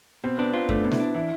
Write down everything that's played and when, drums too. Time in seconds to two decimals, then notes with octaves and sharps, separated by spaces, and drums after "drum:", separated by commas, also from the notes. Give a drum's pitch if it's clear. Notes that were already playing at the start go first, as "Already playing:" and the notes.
0.24 B2 C4
0.38 B3 D4
0.53 C4 F4
0.69 A3 D4, drum: kick F#2
0.84 B2
0.91 E4, drum: snare
1.00 D4
1.14 E3 E4